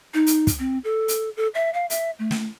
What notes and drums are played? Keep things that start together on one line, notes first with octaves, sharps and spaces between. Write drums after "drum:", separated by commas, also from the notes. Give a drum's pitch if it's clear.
D#4
drum: hi-hat
drum: kick, hi-hat
C4
A4
drum: hi-hat
A4
E5
F5
E5, drum: hi-hat
A3
drum: snare